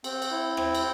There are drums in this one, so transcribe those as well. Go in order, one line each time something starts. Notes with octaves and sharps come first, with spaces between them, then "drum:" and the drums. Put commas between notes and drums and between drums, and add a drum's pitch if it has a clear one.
C4, drum: cymbal
drum: cymbal
E4
C4, drum: rim click
drum: cymbal